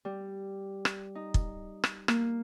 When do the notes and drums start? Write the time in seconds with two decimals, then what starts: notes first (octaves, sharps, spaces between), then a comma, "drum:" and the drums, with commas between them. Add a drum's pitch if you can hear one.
0.05 G3
0.85 drum: rim click
1.15 D#4
1.34 drum: kick
1.84 drum: rim click
2.08 A#3, drum: rim click